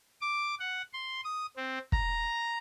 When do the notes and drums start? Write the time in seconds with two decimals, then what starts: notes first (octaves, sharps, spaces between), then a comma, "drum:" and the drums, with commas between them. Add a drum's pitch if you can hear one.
0.21 D6
0.60 F#5
0.93 C6
1.24 D#6
1.56 C4
1.92 A#5, drum: kick